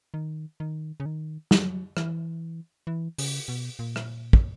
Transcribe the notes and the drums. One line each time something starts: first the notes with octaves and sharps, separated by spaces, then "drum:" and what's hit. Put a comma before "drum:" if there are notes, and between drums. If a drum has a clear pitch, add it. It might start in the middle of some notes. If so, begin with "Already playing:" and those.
D#3
D#3
C#3
D#3
F#3, drum: snare
E3, drum: rim click
E3
C#3, drum: open hi-hat
B2
A#2
drum: rim click
drum: kick